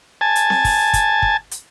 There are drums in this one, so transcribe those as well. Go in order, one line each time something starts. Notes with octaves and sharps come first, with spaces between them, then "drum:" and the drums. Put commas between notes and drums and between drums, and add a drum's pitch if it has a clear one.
G#5 A5
drum: hi-hat
drum: snare C4
drum: kick, open hi-hat
drum: kick, hi-hat
drum: kick
drum: hi-hat